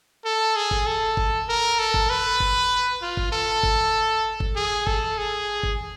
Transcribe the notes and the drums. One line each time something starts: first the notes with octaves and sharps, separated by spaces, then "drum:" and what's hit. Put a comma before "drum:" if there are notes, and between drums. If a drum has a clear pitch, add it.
A4
G#4
drum: kick G1
A4
drum: kick G1
A#4
A4
drum: kick G1
B4
drum: kick G1
F4
drum: kick G1
A4
drum: kick G1
drum: kick G1
G#4
A4, drum: kick G1
G#4
drum: kick G1